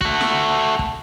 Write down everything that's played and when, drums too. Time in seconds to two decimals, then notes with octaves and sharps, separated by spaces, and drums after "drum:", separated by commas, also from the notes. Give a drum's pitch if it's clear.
0.01 A3 F#4, drum: kick
0.21 drum: snare
0.79 drum: kick